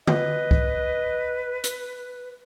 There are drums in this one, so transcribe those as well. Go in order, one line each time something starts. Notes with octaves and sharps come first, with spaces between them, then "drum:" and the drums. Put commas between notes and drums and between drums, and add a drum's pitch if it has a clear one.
B4 D#5, drum: tom D3
drum: kick C2
drum: hi-hat